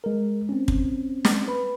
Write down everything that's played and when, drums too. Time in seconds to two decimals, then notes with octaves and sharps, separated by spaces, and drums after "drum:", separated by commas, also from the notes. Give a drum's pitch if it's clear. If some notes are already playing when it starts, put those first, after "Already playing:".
0.04 G#3 A#4
0.49 C4 C#4
0.68 drum: kick
1.25 drum: snare
1.48 B4 B5